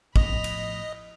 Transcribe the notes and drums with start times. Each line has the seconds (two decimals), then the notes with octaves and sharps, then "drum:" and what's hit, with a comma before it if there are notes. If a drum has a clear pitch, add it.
0.16 A2 F3 B3 D#5 B5 F7, drum: kick
0.44 drum: cymbal